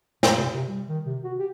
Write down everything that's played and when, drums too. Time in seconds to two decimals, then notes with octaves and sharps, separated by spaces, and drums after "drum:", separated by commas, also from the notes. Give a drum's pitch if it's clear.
0.23 A#2, drum: snare
0.36 C3
0.54 C3
0.69 G3
0.89 D#3
1.05 C3
1.24 F#4
1.39 G4